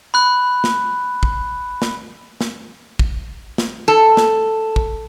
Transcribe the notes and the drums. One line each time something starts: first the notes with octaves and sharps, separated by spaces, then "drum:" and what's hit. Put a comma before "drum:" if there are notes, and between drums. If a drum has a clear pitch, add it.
B5 F#6
drum: snare
drum: kick
drum: snare
drum: snare
drum: kick
drum: snare
A4
drum: snare
drum: kick